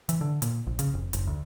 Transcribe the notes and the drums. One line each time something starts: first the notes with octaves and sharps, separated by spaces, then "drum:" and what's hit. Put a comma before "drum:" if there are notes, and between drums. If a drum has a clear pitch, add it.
E3, drum: hi-hat
D3
A#2, drum: hi-hat
A#1
C#3, drum: hi-hat
F1
F#1, drum: hi-hat
D2